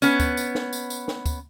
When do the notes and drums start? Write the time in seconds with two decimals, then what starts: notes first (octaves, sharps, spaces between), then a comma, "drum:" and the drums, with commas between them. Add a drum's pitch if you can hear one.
0.02 B3 C#4, drum: tambourine
0.20 drum: kick, tambourine
0.37 drum: tambourine
0.55 drum: snare
0.73 drum: tambourine
0.90 drum: tambourine
1.08 drum: snare
1.26 drum: kick, tambourine